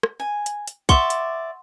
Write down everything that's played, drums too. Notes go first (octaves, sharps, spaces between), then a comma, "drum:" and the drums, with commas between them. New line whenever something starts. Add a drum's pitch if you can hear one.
drum: rim click
G#5
drum: hi-hat
drum: hi-hat
D5 E5 F#5 C6 C#6, drum: kick, hi-hat
drum: hi-hat